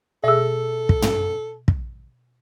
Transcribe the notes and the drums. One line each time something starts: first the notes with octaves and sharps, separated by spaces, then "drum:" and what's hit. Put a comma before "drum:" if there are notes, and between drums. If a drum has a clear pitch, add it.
B2 G#4 A4 E5 E6
drum: kick
drum: tom
drum: kick